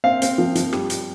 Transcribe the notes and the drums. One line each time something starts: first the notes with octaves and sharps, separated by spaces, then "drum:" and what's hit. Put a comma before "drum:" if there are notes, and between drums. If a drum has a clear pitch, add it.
C4 F5
C4, drum: hi-hat
F3
F3, drum: hi-hat
G3, drum: rim click
drum: hi-hat